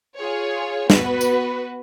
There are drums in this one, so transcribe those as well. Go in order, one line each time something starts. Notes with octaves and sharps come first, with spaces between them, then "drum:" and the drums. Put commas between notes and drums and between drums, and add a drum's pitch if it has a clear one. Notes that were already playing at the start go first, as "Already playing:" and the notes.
F4 G#4 C#5
B3 F#4 B4, drum: snare
drum: tambourine